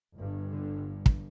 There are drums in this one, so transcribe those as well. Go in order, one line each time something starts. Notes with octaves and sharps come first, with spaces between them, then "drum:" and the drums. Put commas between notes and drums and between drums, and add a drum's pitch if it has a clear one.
G1 G2
D3
drum: kick